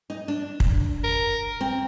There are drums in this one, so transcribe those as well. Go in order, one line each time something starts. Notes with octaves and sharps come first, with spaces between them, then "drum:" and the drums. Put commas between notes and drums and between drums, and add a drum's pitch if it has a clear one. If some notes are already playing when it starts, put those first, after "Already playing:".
D#4
D4
drum: kick
A#4
C4